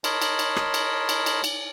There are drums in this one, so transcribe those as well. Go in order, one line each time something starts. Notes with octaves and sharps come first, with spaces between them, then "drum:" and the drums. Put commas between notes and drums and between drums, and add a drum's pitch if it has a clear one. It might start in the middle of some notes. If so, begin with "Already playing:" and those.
A#4 C#5 D#5 A5 B5 C6, drum: cymbal
drum: cymbal
drum: cymbal
drum: rim click
drum: cymbal
drum: cymbal
drum: cymbal
drum: cymbal